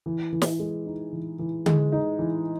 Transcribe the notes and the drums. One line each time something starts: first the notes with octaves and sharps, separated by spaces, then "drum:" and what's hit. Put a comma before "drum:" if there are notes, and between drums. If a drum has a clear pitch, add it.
E3
E3
drum: snare
G#3
D#4
E3
E3
G#3, drum: tom D3
D#4
E3